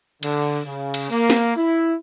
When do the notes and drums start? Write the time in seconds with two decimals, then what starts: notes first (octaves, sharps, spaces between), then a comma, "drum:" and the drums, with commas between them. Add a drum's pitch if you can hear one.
0.23 D3, drum: cymbal
0.66 C#3
0.94 drum: cymbal
1.10 A#3
1.30 drum: snare
1.56 E4